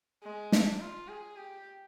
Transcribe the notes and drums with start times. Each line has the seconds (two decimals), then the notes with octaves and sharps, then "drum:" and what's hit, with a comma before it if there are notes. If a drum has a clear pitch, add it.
0.23 G#3
0.52 D4, drum: snare
0.80 F4
1.08 G#4
1.37 G4